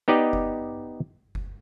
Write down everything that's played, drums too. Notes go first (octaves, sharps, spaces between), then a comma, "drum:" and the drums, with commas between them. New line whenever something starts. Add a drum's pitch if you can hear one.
B3 D#4 G4 D5 D#5
drum: kick F#1
drum: kick F#1